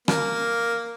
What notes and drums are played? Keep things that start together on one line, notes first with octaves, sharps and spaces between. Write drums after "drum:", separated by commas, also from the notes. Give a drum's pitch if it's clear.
A#3, drum: rim click